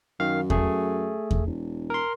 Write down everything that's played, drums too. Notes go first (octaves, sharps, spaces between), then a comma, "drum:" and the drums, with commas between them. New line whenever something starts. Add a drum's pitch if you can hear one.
F#2 D#3 F5
A3 G#4, drum: kick E2
drum: kick E2
E1
A#4 C6